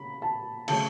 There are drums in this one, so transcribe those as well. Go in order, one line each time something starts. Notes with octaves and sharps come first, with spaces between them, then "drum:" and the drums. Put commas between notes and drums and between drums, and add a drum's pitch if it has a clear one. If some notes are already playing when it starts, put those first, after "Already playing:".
Already playing: C#3 B5
A5
C#3 F#3 A3 A5, drum: cymbal